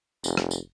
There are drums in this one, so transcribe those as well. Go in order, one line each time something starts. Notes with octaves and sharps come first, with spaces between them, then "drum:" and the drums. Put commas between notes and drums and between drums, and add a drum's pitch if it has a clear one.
F1, drum: tambourine
drum: rim click
drum: tambourine